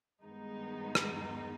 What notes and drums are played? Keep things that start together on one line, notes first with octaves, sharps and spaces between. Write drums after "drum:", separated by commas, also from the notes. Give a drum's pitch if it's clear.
G2 D#3 G#3 B3 D#4
drum: rim click